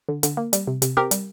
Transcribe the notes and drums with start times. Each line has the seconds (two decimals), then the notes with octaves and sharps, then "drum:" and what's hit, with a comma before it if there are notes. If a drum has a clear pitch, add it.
0.09 D3
0.23 D3, drum: hi-hat
0.37 A#3
0.53 G3, drum: hi-hat
0.67 C3
0.82 C3, drum: hi-hat
0.97 C4 G4 A#4
1.11 G3, drum: hi-hat